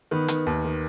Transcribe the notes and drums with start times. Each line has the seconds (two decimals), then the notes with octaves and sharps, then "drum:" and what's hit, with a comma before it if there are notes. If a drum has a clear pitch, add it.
0.11 D#3 B3 B4
0.28 D#3, drum: hi-hat
0.46 D#2
0.65 D#3